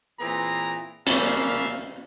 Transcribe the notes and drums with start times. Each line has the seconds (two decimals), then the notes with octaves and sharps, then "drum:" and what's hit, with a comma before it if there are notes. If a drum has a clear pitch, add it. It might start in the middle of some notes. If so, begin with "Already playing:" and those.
0.19 A#2 E3 B3 C4 G#4 A#5
1.07 C#3 A#3 D5 E5 F5, drum: hi-hat